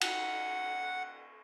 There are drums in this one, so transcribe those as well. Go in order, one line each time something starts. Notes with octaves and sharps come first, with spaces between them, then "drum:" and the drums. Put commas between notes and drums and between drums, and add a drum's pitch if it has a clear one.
F#5, drum: cymbal